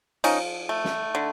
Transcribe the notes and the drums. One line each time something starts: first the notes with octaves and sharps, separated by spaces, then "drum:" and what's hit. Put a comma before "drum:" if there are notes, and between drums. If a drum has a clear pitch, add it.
F3 C#4 D#4, drum: cymbal
A3
drum: snare
D3